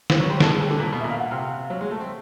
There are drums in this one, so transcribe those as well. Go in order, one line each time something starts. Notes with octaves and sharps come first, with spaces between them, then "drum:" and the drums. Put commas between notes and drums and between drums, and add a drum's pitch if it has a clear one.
E3 C5, drum: snare
F#3 C#5
G3 C5
A3 A4, drum: snare
G#3
G3 G#4
D3 A4
A#2 A#4
B2
E5
A#2
F5
F#5
C3 F5
F#3
G#3
A3
C4